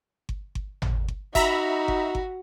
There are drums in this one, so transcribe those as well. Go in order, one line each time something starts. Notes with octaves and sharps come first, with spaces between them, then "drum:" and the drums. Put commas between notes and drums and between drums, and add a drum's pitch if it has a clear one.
drum: kick G1
drum: kick G1
drum: tom G#1
drum: kick G1
D#4 F#4 E5 A#5 B5, drum: kick G1
drum: kick G1
drum: kick G1